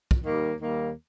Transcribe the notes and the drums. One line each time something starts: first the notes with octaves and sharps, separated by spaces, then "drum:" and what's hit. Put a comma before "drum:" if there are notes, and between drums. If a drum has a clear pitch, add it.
drum: kick
D#2 D#3 G3 A#3
D#2 D#3 G3 A#3